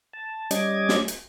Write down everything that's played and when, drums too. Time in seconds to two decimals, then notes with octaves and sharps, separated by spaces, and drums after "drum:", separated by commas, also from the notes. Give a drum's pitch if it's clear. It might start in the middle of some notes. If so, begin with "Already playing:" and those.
0.13 A5
0.51 G3 C#4 D#5 D6 G#6, drum: hi-hat
0.89 drum: snare
1.08 drum: hi-hat